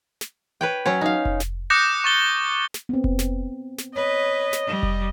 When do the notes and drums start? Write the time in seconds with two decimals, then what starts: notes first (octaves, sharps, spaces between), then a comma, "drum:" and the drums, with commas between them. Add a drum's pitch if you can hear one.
0.21 drum: snare
0.61 B4 C#5 G5
0.86 F#3 C#4 C#5
1.01 D#4 F5
1.25 drum: kick F1
1.40 drum: snare
1.70 D6 D#6 F#6 G6 A#6 C#7
2.04 C#6 A6 G7
2.74 drum: snare
2.89 B3 C4
3.04 drum: kick F1
3.19 drum: snare
3.79 drum: snare
3.96 B4 C#5 D#5
4.53 drum: snare
4.66 G3
4.83 drum: kick F1